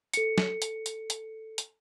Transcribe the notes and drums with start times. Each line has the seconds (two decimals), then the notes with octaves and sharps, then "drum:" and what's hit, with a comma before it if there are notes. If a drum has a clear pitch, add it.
0.14 A4 C#7, drum: hi-hat
0.38 drum: snare
0.62 drum: hi-hat
0.86 drum: hi-hat
1.10 drum: hi-hat
1.58 drum: hi-hat